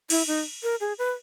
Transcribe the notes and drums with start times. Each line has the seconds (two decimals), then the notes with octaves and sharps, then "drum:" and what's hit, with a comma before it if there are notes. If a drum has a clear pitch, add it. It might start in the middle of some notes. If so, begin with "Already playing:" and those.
0.10 E4, drum: cymbal
0.27 D#4
0.63 A#4
0.81 G#4
0.98 B4